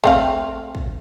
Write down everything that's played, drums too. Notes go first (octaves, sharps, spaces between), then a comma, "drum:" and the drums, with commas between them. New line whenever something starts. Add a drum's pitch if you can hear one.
A3 C4 F5, drum: kick
drum: kick